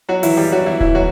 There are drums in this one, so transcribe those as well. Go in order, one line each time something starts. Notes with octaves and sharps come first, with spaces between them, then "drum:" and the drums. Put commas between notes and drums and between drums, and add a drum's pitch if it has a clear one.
F#3 F#4
E3 E4, drum: open hi-hat
G3 G4
F#3 F#4
E3 E4
E3 E4, drum: kick D#1
F#3 F#4